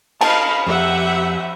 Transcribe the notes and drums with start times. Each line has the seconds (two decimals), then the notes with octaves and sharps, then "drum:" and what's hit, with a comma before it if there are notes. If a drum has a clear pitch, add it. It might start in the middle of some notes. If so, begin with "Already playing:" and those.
0.21 D#5 F5 A5 B5, drum: cymbal
0.67 F2 G4 E5 F#5